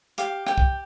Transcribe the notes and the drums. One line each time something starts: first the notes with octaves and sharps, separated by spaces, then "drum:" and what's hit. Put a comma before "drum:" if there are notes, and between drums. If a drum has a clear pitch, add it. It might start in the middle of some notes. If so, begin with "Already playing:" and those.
G4 F5, drum: hi-hat
G4 G5, drum: rim click
drum: kick